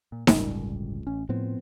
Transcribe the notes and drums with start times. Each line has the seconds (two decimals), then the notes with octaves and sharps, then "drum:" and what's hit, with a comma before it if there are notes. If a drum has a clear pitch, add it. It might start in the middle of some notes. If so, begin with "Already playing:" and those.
0.12 A#2
0.27 D1 G1 C#2 A2 G3, drum: snare D#4
1.07 A1 C#4
1.29 A2 F3 B3 C4